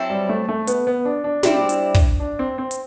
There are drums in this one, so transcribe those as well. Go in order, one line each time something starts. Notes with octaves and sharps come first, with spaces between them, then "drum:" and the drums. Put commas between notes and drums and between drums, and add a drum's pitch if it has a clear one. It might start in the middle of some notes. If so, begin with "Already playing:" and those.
Already playing: F#3 C4 E4 A4
G3
A3
A3
B3, drum: hi-hat
B3
D4
D4
G3 C4 D4 E4, drum: snare
drum: hi-hat
drum: kick, open hi-hat
D4
C4
C4
drum: hi-hat